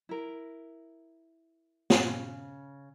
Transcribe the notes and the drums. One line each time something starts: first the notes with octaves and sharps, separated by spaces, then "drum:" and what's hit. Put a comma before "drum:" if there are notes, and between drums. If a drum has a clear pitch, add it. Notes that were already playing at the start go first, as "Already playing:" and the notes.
E4 A#4
C#3, drum: snare